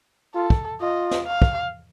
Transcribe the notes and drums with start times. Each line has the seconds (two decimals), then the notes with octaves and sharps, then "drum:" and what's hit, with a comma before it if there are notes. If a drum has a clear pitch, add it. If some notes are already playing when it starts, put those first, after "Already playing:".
0.35 F4 A4
0.50 drum: kick
0.81 F4 D#5
1.11 drum: snare
1.26 F5
1.42 drum: kick